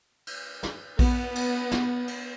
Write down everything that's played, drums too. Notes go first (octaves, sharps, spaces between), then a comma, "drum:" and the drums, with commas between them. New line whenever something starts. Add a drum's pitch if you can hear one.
drum: cymbal
drum: snare
B3, drum: kick A#1, cymbal
drum: cymbal
drum: snare
drum: cymbal